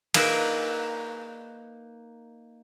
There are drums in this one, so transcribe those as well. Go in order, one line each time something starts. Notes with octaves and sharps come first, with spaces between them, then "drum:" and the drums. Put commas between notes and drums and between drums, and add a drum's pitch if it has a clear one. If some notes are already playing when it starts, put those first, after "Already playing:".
A#3 D#4 A#4 B4 E5, drum: cymbal